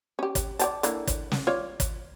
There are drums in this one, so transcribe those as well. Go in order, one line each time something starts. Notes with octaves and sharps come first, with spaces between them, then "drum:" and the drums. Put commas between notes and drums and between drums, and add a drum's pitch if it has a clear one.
C#4 G4
drum: kick, hi-hat
D5 G5 A5, drum: hi-hat
D3 E3 A#3, drum: hi-hat
drum: kick, hi-hat
drum: snare
F4 C#5 D5
drum: kick, hi-hat